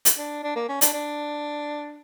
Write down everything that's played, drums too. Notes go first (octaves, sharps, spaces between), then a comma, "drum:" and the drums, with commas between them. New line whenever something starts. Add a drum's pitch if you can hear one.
drum: hi-hat
D4
D4
A#3
C#4
D4, drum: hi-hat
D4